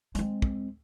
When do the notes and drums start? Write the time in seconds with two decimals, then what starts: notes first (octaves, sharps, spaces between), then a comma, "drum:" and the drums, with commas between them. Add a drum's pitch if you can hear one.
0.15 G#3 C4, drum: hi-hat
0.42 drum: kick